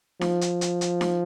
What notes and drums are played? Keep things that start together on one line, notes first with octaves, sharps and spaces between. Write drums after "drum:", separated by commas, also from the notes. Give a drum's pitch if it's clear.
F3, drum: snare D#4
drum: hi-hat
drum: hi-hat
drum: hi-hat
drum: snare D#4